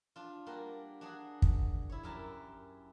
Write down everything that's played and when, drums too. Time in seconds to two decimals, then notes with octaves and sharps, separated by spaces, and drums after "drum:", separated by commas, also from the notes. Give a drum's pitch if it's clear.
0.16 D4 F4
0.46 G3 A#3 D4 F#4 G4 A#4
1.01 D4 F#4 G#4 F#5
1.42 drum: kick
1.89 E4 C#5
2.03 F#2 G4 A#4 E5 A5